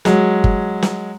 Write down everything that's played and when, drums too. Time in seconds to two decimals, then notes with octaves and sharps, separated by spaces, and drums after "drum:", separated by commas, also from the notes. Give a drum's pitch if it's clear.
0.05 F#3 G#3, drum: snare
0.44 drum: kick G1
0.82 drum: snare